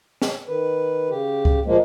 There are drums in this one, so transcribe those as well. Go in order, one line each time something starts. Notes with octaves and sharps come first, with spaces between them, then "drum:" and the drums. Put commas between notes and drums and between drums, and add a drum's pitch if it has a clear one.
drum: snare
D#3 B4
C#3 G4
drum: kick C#2
A#2 F3 G#3 A#3